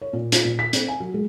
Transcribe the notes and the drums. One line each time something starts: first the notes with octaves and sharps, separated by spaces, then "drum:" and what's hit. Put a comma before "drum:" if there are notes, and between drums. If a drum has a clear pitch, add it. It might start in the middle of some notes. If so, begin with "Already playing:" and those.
C#5
A#2
F4, drum: hi-hat
A#2
B6
C4, drum: hi-hat
G#5
F#3
G#3